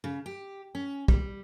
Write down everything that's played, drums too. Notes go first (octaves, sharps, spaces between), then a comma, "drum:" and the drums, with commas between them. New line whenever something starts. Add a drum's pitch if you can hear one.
C#3
G4
C#4
G3, drum: kick